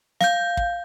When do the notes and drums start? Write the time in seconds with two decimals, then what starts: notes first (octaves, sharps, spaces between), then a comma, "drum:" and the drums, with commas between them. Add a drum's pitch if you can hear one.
0.21 F5 G6, drum: snare
0.57 drum: kick